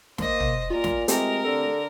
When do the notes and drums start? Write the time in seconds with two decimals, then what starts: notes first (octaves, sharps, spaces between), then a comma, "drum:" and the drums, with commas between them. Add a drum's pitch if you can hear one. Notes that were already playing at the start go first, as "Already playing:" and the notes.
0.18 A#3 C5 D#5, drum: snare
0.40 drum: tom
0.70 A#2 F4 A#4
0.84 drum: snare
1.08 G#3 A3 C4 G4 A#4, drum: hi-hat
1.45 D3 A4